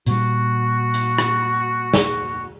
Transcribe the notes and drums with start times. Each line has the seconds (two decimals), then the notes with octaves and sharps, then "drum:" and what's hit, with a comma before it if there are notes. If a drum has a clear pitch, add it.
0.06 A#2 G3 F#4, drum: hi-hat
0.94 drum: hi-hat
1.18 drum: rim click
1.94 drum: snare